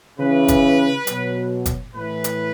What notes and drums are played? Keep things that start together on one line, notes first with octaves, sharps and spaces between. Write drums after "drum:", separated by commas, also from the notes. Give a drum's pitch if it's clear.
C#3 E3 B4
drum: kick F#1, hi-hat
B2 F#3, drum: hi-hat
drum: kick F#1, hi-hat
A2 E3 B4
drum: hi-hat